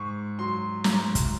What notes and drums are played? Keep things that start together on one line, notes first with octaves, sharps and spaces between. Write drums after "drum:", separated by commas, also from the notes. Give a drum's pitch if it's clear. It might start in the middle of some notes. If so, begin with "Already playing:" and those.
Already playing: G#2 C#6
F#3 C6
G#2 A#5, drum: snare
drum: kick, hi-hat